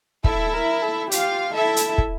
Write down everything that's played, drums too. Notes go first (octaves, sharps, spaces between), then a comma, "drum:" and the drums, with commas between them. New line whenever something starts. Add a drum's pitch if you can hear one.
E4 A4 E5, drum: kick
A#4
A4
F4 G4 F5, drum: hi-hat
E4 A4 E5
drum: hi-hat
drum: kick